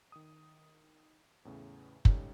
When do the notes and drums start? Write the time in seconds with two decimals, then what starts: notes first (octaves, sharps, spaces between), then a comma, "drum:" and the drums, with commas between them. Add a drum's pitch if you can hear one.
0.12 D#3 D#6
1.45 E2 A2 C#3
2.05 C#2 G3 C#4 D#4 A4, drum: kick